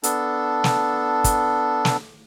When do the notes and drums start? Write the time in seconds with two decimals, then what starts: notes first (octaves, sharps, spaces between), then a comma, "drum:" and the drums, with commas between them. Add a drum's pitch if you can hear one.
0.03 B3 D4 A4, drum: hi-hat
0.64 drum: snare
1.24 drum: kick, hi-hat
1.85 drum: snare